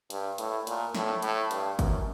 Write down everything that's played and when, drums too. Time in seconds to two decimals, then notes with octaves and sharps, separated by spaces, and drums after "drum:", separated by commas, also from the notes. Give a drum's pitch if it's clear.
0.10 G2, drum: hi-hat
0.38 A2, drum: hi-hat
0.67 A#2, drum: hi-hat
0.95 A2, drum: snare
1.22 A2, drum: hi-hat
1.51 G2, drum: hi-hat
1.79 F#2, drum: kick, hi-hat